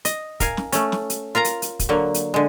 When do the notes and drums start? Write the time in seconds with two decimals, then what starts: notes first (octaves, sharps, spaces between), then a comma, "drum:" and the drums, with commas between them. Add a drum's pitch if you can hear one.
0.05 D#5, drum: hi-hat
0.40 A#4 F5 G#5, drum: kick, hi-hat
0.57 drum: snare
0.72 A3 C#4, drum: hi-hat
0.92 drum: snare
1.10 drum: hi-hat
1.35 F4 A#4 F5 A#5
1.45 drum: hi-hat
1.62 drum: hi-hat
1.79 drum: kick, hi-hat
1.89 D3 F#3 A#3
2.14 drum: hi-hat
2.34 D3 G#3